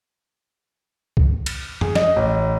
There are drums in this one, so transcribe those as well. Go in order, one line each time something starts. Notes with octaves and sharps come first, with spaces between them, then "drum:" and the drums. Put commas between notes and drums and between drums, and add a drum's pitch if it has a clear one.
drum: kick C2
drum: cymbal
G#4, drum: tom
D#5, drum: snare
A1